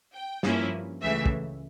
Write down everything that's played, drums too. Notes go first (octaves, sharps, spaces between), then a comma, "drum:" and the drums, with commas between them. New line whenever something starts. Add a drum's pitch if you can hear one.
G5
G2 F3 A#3 C#4 E4, drum: snare
C#2 C#3 E3 A3 E5
drum: kick